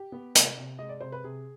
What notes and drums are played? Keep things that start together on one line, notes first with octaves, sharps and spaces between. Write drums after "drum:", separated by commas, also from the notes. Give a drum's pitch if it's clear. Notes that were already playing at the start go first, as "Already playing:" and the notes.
Already playing: G4
B3
C3, drum: hi-hat
C3
G#3 D#5
D5
C3 C5
B4
C3 G#4